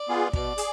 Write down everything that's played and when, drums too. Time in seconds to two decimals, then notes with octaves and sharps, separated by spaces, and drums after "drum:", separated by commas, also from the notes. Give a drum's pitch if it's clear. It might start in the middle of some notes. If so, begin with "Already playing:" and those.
Already playing: D5
0.09 B3 F4 G#4
0.33 B2 D5, drum: kick
0.58 G#4, drum: hi-hat